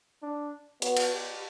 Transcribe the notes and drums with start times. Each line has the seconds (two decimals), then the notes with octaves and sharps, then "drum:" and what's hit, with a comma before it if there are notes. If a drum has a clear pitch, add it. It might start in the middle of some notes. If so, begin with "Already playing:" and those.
0.23 D4
0.82 B3 F#4, drum: hi-hat
0.97 drum: cymbal
1.13 G4